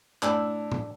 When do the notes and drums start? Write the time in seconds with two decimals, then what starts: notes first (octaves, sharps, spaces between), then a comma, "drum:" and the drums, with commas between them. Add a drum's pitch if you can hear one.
0.23 A2 D4 E6, drum: clap
0.72 drum: tom A2